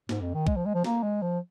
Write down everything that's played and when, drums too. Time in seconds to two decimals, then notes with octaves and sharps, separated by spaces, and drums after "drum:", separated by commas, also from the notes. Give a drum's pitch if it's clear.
0.09 G#2, drum: snare
0.21 F2
0.34 D#3
0.47 G#3, drum: kick
0.56 F3
0.66 G#3
0.74 F3
0.84 A#3, drum: snare
1.03 G#3
1.22 F3